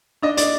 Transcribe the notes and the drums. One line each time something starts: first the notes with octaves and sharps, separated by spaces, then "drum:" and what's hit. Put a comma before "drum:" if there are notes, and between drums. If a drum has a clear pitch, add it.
D4 D#5
D5, drum: hi-hat